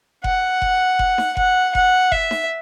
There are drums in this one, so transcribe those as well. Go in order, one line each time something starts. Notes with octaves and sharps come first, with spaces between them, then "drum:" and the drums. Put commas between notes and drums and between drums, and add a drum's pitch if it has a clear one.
F#5, drum: kick F#1
drum: kick F#1
drum: kick F#1
drum: snare D#4
F#5, drum: kick F#1
F#5, drum: kick F#1
E5, drum: kick F#1
drum: snare D#4